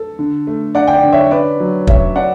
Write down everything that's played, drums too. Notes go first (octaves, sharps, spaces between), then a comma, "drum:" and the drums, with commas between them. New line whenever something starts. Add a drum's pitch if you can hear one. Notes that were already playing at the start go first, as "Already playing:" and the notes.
Already playing: A4
D3
A3
D3 D5 F#5
G5
D5 F#5
D3
C#5 E5
C#4 B4 D5
F#3
C#4 C#5 E5, drum: kick
C#4 D5 F#5